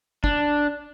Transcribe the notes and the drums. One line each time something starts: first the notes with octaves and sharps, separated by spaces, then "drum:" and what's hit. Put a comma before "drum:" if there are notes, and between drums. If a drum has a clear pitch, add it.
D4, drum: kick